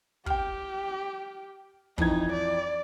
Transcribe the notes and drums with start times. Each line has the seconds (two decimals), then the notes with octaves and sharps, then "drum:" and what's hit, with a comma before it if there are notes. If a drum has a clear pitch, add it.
0.26 G4 G5 F6, drum: kick
1.98 F2 E3 D#4 G#6, drum: kick
2.33 D5